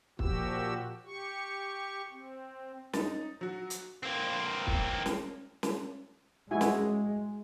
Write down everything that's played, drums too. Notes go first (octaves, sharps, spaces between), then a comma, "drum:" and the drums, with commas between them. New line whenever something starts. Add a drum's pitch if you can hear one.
A#2 F3 F#4 G4 E6, drum: kick
G4 C#6
C4
D#4 A6, drum: snare
F#3 F#4
drum: hi-hat
A#3 C4
drum: kick
drum: snare
drum: snare
G#3 E4 F#4 G#5
drum: snare